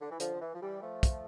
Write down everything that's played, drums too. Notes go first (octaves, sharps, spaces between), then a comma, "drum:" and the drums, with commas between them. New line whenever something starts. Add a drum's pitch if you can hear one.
D3
E3
D3 F3, drum: hi-hat
D3
E3
F3
E3 G3
F3 A3
drum: kick, hi-hat